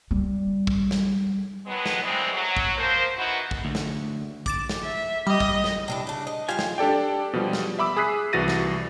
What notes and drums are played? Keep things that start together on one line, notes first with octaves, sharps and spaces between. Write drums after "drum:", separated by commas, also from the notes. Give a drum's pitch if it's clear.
G3
drum: kick
drum: snare
B2 D#3 F#3 G#3 B3
drum: snare
B2 D#3 E3 G3 G#3 C4
F#3
drum: kick
F3 A#4 C5
E3 B3 D#4 E4 F#4
drum: kick
D2
drum: snare
D6 A6 E7, drum: kick
drum: snare
E5
G3 D#5
drum: kick
drum: snare
C3 D4 E4
C#3 D4
D#5
G3 F4 G4 F5 G#5
drum: snare
D4 G4 A4 D5 G5
B2 F3 G3
drum: snare
E5 B5 D6 E6
G#4 D#6 F#6 B6 C7
C2 E3 F#4 A6 A#6 D#7
drum: snare